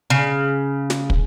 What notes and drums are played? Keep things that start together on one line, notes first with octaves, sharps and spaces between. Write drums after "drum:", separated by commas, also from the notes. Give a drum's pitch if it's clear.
C#3
drum: snare
drum: kick